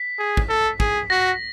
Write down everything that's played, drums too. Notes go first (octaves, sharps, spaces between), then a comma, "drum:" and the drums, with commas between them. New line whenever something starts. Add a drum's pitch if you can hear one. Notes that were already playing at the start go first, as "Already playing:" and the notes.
Already playing: B6
G#4
drum: kick
A4
G#4, drum: kick
F#4 A#6